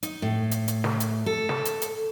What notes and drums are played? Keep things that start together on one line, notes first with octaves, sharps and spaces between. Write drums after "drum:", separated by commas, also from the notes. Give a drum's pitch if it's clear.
D#4, drum: hi-hat
A2
drum: hi-hat
drum: hi-hat
drum: snare
drum: hi-hat
A4
drum: snare
drum: hi-hat
drum: hi-hat